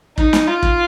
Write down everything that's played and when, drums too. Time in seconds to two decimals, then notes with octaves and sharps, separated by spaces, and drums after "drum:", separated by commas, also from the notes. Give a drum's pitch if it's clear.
0.18 D#4, drum: kick
0.33 drum: snare
0.48 F4
0.63 drum: kick